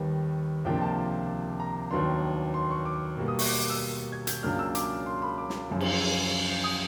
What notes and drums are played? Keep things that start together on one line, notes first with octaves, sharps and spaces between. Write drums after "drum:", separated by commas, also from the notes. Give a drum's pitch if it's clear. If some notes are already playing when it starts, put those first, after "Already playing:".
Already playing: D#2 D#3 G3 B3
C#2 C3 F3 A#3 D4 G5
A5
A#5
D#2 D#3 F#3 B3 D4 C6
C6
C#6
D6
B2 G3 A#3
D#6
C#6, drum: open hi-hat
D6
D6
E6
G#6
G6, drum: hi-hat
C#2 C#3 F#3 A#3 D4 F6
E6
D6, drum: hi-hat
C6
B5
D6
drum: snare
F#2 C#3 F3
drum: cymbal
D#6